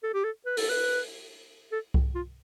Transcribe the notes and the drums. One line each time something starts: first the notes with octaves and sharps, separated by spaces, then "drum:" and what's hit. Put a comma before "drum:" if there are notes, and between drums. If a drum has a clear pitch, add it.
A4
G4
A4
B4
A4, drum: open hi-hat
B4
A4
drum: kick C2
F4